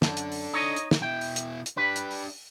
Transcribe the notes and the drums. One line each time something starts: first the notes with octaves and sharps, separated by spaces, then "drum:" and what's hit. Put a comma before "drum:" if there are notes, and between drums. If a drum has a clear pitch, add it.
F#2 D4 A4, drum: snare
drum: hi-hat
drum: open hi-hat
D#4 C#5 D#5
drum: hi-hat
drum: snare
B2 E4 G5
drum: open hi-hat
drum: hi-hat
drum: hi-hat
D4 G4 B4
drum: hi-hat
drum: open hi-hat